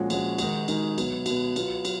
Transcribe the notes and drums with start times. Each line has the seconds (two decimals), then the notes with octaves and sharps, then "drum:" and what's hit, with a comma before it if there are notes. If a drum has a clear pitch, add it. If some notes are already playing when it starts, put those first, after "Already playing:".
Already playing: A#2 F3 G#3 C#4 F#4
0.10 A#2 F3 G#3 C#4 F#4, drum: cymbal
0.38 D#3 G#3 D#4 F#4, drum: cymbal
0.68 D#3 G#3 D#4 F#4, drum: cymbal
0.98 B2 F#3 B3, drum: cymbal
1.26 B2 F#3 B3, drum: cymbal
1.56 F#3 B3 F4, drum: cymbal
1.85 F#3, drum: cymbal